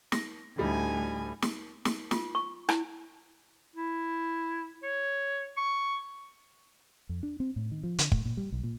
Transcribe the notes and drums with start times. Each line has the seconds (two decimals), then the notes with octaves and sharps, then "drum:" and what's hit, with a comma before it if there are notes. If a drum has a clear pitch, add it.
0.12 A#6, drum: snare
0.58 D2 A2 G3 D#4 G#5
1.42 drum: snare
1.85 drum: snare
2.11 F4, drum: snare
2.35 C#6
2.69 E4, drum: rim click
3.76 E4
4.83 C#5
5.57 C#6
7.09 F2
7.23 D4
7.40 C4
7.56 A2
7.71 D#3
7.83 F3
7.99 D3, drum: hi-hat
8.12 A2, drum: kick
8.25 A#2
8.37 G3
8.52 B1
8.63 A#2